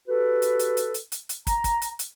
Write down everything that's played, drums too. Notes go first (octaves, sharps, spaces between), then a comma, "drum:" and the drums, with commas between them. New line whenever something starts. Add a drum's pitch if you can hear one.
F#4 G4 A4 B4
drum: hi-hat
drum: hi-hat
drum: hi-hat
drum: hi-hat
drum: hi-hat
drum: hi-hat
A#5, drum: kick, hi-hat
drum: kick, hi-hat
drum: hi-hat
drum: hi-hat